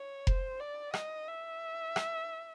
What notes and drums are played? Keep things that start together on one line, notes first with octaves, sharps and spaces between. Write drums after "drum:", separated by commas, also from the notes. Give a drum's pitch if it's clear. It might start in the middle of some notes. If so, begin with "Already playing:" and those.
Already playing: C#5
C5, drum: kick F1
D5
D#5, drum: rim click
E5
drum: rim click